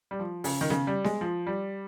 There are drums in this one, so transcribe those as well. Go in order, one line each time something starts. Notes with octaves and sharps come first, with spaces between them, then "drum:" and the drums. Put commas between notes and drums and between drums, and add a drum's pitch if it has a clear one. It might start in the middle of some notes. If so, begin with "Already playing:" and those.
G3
F3
C#3, drum: open hi-hat
D#3
C#3, drum: snare B3
G3
G#3, drum: snare B3
F3
G3